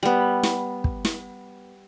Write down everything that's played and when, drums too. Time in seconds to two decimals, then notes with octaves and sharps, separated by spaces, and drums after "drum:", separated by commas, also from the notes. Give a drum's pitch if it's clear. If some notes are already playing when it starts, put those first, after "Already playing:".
0.03 G3 B3
0.43 drum: snare
0.84 drum: kick
1.05 drum: snare